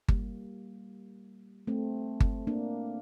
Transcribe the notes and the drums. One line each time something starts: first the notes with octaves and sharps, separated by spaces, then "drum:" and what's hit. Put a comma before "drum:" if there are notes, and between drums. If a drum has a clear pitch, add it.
G3 A#3, drum: kick G1
A3 C4
drum: kick G1
A#3 D4